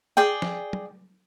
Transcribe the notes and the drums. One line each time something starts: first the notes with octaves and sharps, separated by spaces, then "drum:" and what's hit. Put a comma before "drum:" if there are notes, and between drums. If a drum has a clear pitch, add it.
G#4 D5 G5
drum: snare F3
drum: tom